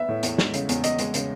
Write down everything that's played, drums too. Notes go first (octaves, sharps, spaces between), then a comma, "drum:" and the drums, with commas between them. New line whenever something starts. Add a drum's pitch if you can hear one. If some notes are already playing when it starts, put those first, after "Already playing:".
Already playing: B3 E5
A2
E2, drum: hi-hat
G#3, drum: snare
C#3, drum: hi-hat
E2, drum: hi-hat
E2 D#5, drum: hi-hat
G#3, drum: hi-hat
C#3, drum: hi-hat